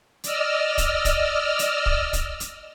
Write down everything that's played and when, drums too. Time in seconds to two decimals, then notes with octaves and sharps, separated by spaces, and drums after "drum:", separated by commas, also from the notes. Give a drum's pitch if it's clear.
0.24 D5 D#5 E6 F6, drum: hi-hat
0.78 drum: kick, hi-hat
1.05 drum: kick, hi-hat
1.59 drum: hi-hat
1.86 drum: kick
2.13 drum: kick, hi-hat
2.40 drum: hi-hat